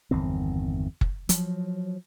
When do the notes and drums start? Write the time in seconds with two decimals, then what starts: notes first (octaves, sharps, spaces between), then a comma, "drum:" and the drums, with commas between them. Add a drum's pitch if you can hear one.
0.11 G1 E2 D#3 C4
1.01 drum: kick F#1
1.29 F3 F#3, drum: hi-hat